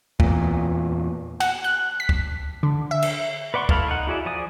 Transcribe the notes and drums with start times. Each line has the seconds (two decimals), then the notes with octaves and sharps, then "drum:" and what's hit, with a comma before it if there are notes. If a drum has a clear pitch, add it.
0.20 E2 A#2, drum: kick
1.40 F#5, drum: cymbal
1.64 F#6
2.00 B6
2.09 drum: kick
2.63 D3
2.91 E5
3.02 drum: cymbal
3.54 B4 D5 F#5 C6 C#6
3.69 E4 A4 F5 B5, drum: kick
3.88 D#4 F#5
4.07 E4 F#4 G#4 D5 E5
4.26 F3 D5 G#5 D#6